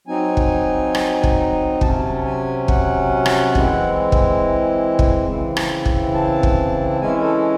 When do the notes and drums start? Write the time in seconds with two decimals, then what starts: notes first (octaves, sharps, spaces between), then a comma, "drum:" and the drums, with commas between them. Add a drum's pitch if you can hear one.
0.07 F#3 C4 D#4 G#5
0.37 drum: kick
0.95 drum: rim click
1.23 drum: kick
1.81 C3 F#3 C#4 A5, drum: kick
2.25 G#5
2.68 F#5, drum: kick
3.26 drum: rim click
3.55 E3 G#3 C4 E4, drum: kick
4.12 drum: kick
4.99 drum: kick
5.27 C#3 E3 C4 E4
5.57 drum: rim click
5.85 drum: kick
6.14 A5
6.43 drum: kick
7.01 E3 G#3 C#4 E4 G#5
7.23 A4